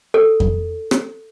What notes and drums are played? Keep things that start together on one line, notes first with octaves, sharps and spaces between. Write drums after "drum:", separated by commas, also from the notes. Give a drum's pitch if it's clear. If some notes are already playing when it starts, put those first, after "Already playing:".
A4
drum: kick F2
drum: rim click